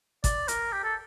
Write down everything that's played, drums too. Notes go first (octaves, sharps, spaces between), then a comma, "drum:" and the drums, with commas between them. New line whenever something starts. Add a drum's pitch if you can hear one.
D5, drum: kick, hi-hat
A#4, drum: hi-hat
G4
A4